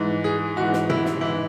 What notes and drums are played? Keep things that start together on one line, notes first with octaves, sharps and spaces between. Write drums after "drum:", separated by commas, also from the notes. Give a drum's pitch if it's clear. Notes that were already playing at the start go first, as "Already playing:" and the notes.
Already playing: G#2 E3
G#4
G#2 E3 F#4
drum: snare
E4, drum: tom
drum: snare
G#2 E3 E4